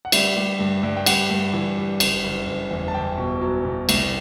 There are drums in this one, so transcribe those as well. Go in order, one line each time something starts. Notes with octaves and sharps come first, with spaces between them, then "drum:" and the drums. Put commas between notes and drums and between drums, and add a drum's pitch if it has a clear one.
F#5
G3 E5, drum: cymbal
G3
G2
G2
G5
G3 F#5, drum: cymbal
G2
E3
G3
F#1, drum: cymbal
F#1
F#1
E2
A5
F#1 G5
B2
F#3
B2
C2, drum: cymbal